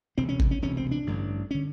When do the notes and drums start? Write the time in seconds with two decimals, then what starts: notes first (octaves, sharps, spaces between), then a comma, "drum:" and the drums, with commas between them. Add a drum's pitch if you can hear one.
0.17 E1 D2 C3 C4
0.29 C#4
0.40 drum: kick
0.51 C#4
0.62 E1 D2 C3 C#4
0.77 C4
0.91 D4
1.07 A1 G2 D3
1.51 D3 C#4